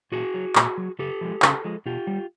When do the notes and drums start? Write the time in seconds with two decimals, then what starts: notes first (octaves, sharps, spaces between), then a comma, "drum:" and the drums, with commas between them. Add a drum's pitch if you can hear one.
0.12 A#2 F#4 G#4
0.34 F#3
0.56 A#2, drum: clap
0.78 F#3
0.99 C#3 G4 A4
1.21 F3 G#3
1.42 C#3, drum: clap
1.65 F3 G#3
1.86 B2 F4 G4
2.07 G3